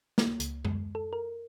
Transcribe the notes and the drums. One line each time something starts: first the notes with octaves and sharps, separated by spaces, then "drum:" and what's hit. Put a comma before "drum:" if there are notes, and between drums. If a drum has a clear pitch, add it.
A#3, drum: snare
C#2, drum: hi-hat
G#3, drum: tom F#2
A4
A#4